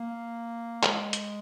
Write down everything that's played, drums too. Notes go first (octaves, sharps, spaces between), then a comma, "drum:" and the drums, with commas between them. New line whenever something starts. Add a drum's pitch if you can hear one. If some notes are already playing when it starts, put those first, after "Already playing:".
Already playing: A#3
G#3, drum: clap
drum: hi-hat